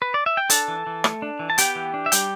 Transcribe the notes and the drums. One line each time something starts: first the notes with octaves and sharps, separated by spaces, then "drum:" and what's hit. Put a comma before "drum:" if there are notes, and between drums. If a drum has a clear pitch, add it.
B4
D5
E5
G5
D4 A4 A5, drum: hi-hat
E3
E3
A3, drum: rim click
D4
E3
A5
B3 G4 G5, drum: hi-hat
E3
D4
E5
G3 G4 G5, drum: hi-hat